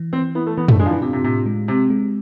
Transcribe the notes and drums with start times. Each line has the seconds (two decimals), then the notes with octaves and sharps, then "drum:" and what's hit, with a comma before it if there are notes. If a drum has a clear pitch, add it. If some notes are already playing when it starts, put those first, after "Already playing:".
Already playing: E3
0.13 E3 C4
0.35 B3 E4
0.46 A3
0.57 E3 B3
0.68 A3, drum: tom
0.79 G#3 D4
0.86 F3
0.91 E3
1.01 C3 F4
1.13 C3
1.24 A2 C3
1.46 G#3
1.68 C3 C4
1.90 G#3